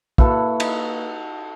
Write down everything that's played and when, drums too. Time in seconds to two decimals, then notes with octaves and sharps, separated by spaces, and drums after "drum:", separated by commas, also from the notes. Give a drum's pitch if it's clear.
0.18 A#3 E4 F#4 A4 B4, drum: kick
0.60 D#4, drum: cymbal